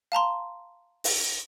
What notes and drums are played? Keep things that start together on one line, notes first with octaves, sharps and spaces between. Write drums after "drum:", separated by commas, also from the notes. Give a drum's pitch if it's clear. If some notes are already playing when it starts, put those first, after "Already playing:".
F5 A5 A#5 C6
drum: open hi-hat